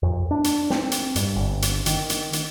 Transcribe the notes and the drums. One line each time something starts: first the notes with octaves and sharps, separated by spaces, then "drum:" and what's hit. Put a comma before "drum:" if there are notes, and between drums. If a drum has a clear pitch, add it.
F2
D4
drum: hi-hat
C4, drum: snare
drum: hi-hat
G2, drum: hi-hat
G1
drum: hi-hat
D#3, drum: hi-hat
drum: hi-hat
drum: hi-hat